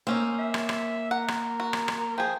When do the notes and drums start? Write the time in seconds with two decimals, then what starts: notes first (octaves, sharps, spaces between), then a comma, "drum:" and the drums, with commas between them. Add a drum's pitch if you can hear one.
0.07 A#3 C4 C#4 D#4
0.39 E5
0.54 drum: rim click
0.69 drum: rim click
1.11 A#4 F#5
1.28 drum: rim click
1.60 F#4
1.73 drum: rim click
1.88 drum: rim click
2.18 F3 G#4 G5